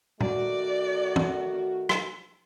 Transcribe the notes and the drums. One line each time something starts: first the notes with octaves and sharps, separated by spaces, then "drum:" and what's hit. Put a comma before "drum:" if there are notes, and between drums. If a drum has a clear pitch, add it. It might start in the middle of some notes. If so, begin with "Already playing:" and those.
D#3 A3 F#4 D5, drum: tom A#2
drum: tom
drum: rim click